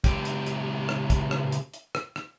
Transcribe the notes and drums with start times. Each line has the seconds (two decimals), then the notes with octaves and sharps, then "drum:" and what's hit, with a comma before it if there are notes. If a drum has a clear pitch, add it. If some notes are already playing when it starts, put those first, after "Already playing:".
0.04 C#2 G4, drum: kick, hi-hat
0.25 drum: hi-hat
0.46 drum: hi-hat
0.89 drum: rim click
1.10 drum: kick, hi-hat
1.31 drum: rim click
1.52 drum: hi-hat
1.74 drum: hi-hat
1.95 drum: rim click
2.16 drum: rim click